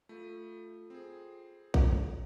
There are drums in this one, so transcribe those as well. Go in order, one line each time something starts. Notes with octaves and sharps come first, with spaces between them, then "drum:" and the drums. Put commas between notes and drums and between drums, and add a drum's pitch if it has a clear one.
A3 F4 A4
C4 G#4
drum: kick A#1